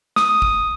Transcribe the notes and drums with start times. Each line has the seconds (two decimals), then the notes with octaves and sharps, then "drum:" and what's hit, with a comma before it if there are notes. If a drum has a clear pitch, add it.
0.16 D#6, drum: snare
0.42 drum: kick